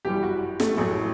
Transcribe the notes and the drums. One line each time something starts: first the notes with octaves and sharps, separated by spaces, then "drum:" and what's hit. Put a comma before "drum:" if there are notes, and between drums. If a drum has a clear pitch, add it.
G1 F#2 E3 G3 G4
F#4
A3, drum: snare
A1 A2 F#3 A3